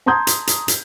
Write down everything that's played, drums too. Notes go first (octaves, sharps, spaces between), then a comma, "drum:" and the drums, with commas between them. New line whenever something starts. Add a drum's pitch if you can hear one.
A5 A#5 C6 D#6 G6 G#6
drum: hi-hat
drum: hi-hat
drum: hi-hat